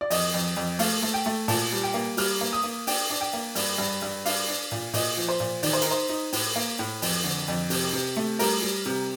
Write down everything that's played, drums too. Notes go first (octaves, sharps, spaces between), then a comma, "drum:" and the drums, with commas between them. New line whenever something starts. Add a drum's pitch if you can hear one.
D5
F2 D#5, drum: open hi-hat
F2
F2
A3 F5, drum: open hi-hat
A3
G5
A3
A#2 A5, drum: open hi-hat
G3
G5
A#3
G3 F6, drum: open hi-hat
A#3
D#6
A#3
D4 G5, drum: open hi-hat
D4
G5
A#3
G2, drum: open hi-hat
G2
G2
D4 F5, drum: open hi-hat
D4
A#2
A#2 D#5, drum: open hi-hat
F3
C5
A#2
D#3 D5, drum: open hi-hat
C5
D#4 A#4, drum: hi-hat
C5
D#4
A2, drum: open hi-hat
A#3
A2
F2, drum: open hi-hat
D3
F2
C3, drum: open hi-hat
C3
A3
G3 A#4, drum: open hi-hat
G3
C3